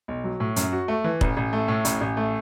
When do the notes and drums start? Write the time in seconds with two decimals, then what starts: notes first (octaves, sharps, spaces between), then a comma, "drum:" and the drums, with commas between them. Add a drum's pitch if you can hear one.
0.08 B1
0.24 F#3
0.40 A2
0.56 F#2, drum: hi-hat
0.72 F#4
0.88 A3
1.04 E3
1.21 A1, drum: kick
1.37 A1
1.53 A3
1.68 A2
1.85 A1, drum: hi-hat
2.01 A1
2.17 A3